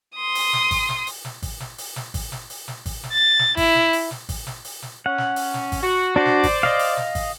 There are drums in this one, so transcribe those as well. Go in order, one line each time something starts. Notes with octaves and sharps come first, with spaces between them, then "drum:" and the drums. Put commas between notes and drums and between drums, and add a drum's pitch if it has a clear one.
C6 D#6
drum: open hi-hat
drum: snare
drum: kick G#1, open hi-hat
drum: snare
drum: open hi-hat
drum: snare
drum: kick G#1, open hi-hat
drum: snare
drum: open hi-hat
drum: snare
drum: kick G#1, open hi-hat
drum: snare
drum: open hi-hat
drum: snare
drum: kick G#1, open hi-hat
drum: snare
A6
drum: snare
E4, drum: kick G#1, open hi-hat
drum: snare
drum: open hi-hat
drum: snare
drum: kick G#1, open hi-hat
drum: snare
drum: open hi-hat
drum: snare
C#4 F#5
drum: snare
drum: open hi-hat
drum: snare
drum: kick G#1, open hi-hat
F#4
D4 F#4 C5 D5
drum: snare
drum: kick G#1, open hi-hat
D#5 F5, drum: snare
drum: open hi-hat
drum: snare
drum: kick G#1, open hi-hat